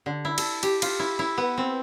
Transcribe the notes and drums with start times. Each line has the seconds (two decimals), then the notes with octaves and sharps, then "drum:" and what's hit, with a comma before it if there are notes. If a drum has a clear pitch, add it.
0.06 D3
0.25 E4
0.38 A4, drum: cymbal
0.63 G4, drum: cymbal
0.82 F4, drum: cymbal
0.99 E4
1.19 E4
1.38 B3
1.57 C4